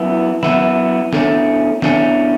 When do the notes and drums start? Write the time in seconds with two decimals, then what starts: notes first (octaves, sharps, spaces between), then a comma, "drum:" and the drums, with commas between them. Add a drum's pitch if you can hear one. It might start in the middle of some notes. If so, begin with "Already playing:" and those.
Already playing: F#2 E3 B3 E4
0.43 F#2 E3 B3 E4, drum: snare
1.13 E2 D3 A3 C#4, drum: snare
1.82 E2 D3 A3 C#4, drum: snare